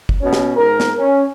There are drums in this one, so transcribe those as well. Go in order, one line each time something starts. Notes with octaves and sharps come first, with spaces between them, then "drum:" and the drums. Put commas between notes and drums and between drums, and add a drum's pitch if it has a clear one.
drum: kick
B2 C#4
drum: snare
G#2 A#4
drum: snare
C#4